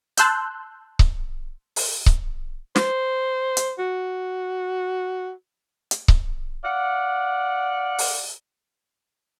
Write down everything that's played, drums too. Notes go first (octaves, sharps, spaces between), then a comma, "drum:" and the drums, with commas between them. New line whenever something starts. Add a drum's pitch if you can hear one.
A5 C6 E6 F#6 G6, drum: hi-hat
drum: kick C#1
drum: open hi-hat
drum: kick C#1
C5, drum: snare
drum: hi-hat
F#4
drum: hi-hat
drum: kick C#1
D5 F5 F#5
drum: open hi-hat